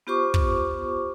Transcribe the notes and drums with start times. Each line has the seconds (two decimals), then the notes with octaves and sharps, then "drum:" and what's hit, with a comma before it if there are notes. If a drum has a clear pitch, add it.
0.07 B3 F4 G4 C5 C#6 D6
0.34 drum: kick